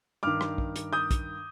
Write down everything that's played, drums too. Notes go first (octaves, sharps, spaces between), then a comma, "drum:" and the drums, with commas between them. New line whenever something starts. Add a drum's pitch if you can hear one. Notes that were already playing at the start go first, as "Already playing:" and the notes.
G2 D#3 D6 F6
drum: rim click
drum: kick
drum: hi-hat
D#6 G6
drum: kick, hi-hat